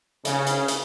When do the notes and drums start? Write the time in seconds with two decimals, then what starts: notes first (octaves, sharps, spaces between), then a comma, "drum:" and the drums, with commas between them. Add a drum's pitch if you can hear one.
0.25 C#3, drum: hi-hat
0.47 drum: hi-hat
0.68 drum: hi-hat